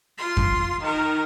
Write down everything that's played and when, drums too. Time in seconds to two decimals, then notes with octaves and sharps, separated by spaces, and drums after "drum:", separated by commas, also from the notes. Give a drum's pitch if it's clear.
0.18 F4 C6
0.37 drum: kick F2
0.81 D#3 A#4